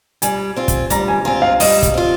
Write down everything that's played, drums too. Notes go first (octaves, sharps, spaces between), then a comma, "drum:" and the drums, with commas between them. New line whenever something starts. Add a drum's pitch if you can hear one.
G3 G#5, drum: hi-hat
C4 F4
drum: kick, hi-hat
G3 A#5, drum: hi-hat
G#5
C4 F4 G#5
F5
G3 D#5, drum: open hi-hat
drum: kick, hi-hat
C4 F4